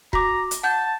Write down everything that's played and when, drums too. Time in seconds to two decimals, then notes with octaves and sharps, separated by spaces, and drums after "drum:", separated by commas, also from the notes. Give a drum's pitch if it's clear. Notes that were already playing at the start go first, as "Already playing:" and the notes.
0.13 F#4 A#5 D6, drum: kick
0.51 drum: hi-hat
0.63 F#5 A5 G6